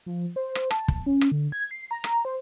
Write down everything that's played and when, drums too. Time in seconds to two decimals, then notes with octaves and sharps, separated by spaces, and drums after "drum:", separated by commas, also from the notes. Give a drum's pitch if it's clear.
0.06 F3
0.36 C5
0.55 drum: rim click
0.71 A5, drum: rim click
0.88 drum: kick
1.06 C#4
1.21 drum: rim click
1.32 D3
1.52 G#6
1.71 C7
1.91 A#5
2.04 drum: rim click
2.25 C5